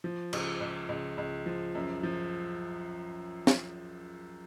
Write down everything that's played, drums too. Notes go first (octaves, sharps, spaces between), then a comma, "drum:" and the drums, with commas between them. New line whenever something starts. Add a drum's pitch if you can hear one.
F3
C#2, drum: cymbal
C#2
C#2
C#2
F3
F#2
F3
drum: snare